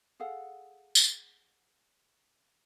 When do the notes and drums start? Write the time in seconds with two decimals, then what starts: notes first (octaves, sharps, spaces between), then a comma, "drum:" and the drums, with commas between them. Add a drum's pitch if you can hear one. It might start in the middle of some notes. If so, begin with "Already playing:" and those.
0.20 G#4 A4 F5 F#5
0.95 drum: tambourine